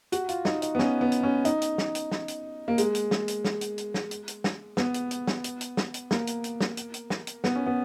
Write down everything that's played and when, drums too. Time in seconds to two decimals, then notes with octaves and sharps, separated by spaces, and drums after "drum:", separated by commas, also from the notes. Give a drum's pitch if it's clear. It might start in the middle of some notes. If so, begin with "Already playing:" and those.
0.12 F#4, drum: hi-hat
0.29 F4, drum: hi-hat
0.45 D#4, drum: snare
0.62 D#4, drum: hi-hat
0.75 B3
0.79 C#4, drum: snare
1.01 B3
1.12 drum: hi-hat
1.23 C#4
1.45 D#4, drum: hi-hat
1.62 drum: hi-hat
1.78 drum: snare
1.95 drum: hi-hat
2.11 drum: snare
2.28 drum: hi-hat
2.68 A#3
2.78 G#3, drum: hi-hat
2.95 drum: hi-hat
3.11 drum: snare
3.28 drum: hi-hat
3.45 drum: snare
3.61 drum: hi-hat
3.78 drum: hi-hat
3.94 drum: snare
4.11 drum: hi-hat
4.28 drum: hi-hat
4.44 drum: snare
4.77 B3, drum: snare
4.94 drum: hi-hat
5.11 drum: hi-hat
5.27 drum: snare
5.44 drum: hi-hat
5.61 drum: hi-hat
5.77 drum: snare
5.94 drum: hi-hat
6.11 A#3, drum: snare
6.27 drum: hi-hat
6.44 drum: hi-hat
6.60 drum: snare
6.77 drum: hi-hat
6.94 drum: hi-hat
7.10 drum: snare
7.27 drum: hi-hat
7.44 B3, drum: snare
7.56 C#4
7.66 B3